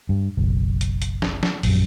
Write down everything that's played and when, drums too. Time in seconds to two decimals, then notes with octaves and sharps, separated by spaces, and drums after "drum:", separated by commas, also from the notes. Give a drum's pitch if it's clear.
0.09 G2
0.37 F#1 B1
0.81 drum: hi-hat
1.02 drum: hi-hat
1.22 drum: snare
1.43 drum: snare
1.63 A#1 F#2, drum: open hi-hat